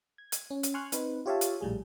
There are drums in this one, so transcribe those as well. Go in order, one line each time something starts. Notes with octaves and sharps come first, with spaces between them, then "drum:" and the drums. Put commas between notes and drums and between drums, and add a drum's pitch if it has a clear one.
G#6
drum: hi-hat
C#4
drum: hi-hat
G#5 C6 C#6 F6 F#6
C4 D#4 B4 C5, drum: hi-hat
F4 G4 C#5 E5 F5 A5
drum: hi-hat
A#1 A2 G3 G#4